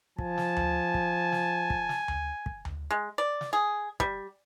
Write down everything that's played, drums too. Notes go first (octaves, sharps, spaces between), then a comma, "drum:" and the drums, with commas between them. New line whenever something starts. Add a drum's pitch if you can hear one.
F3 G#5 A5, drum: kick
drum: snare
drum: tom D2
drum: kick
drum: snare
drum: kick
drum: snare
drum: tom D2
drum: kick
drum: tom D2
G#3
D5
drum: snare
G#4
G3, drum: kick